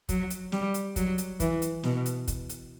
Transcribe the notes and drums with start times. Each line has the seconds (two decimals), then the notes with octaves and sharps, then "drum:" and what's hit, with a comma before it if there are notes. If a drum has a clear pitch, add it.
0.09 F#3, drum: kick, hi-hat
0.30 drum: hi-hat
0.52 G3, drum: snare
0.74 drum: hi-hat
0.96 F#3, drum: kick, hi-hat
1.18 drum: hi-hat
1.40 E3, drum: kick, hi-hat
1.62 drum: hi-hat
1.83 B2, drum: snare
2.06 drum: hi-hat
2.28 drum: kick, hi-hat
2.50 drum: hi-hat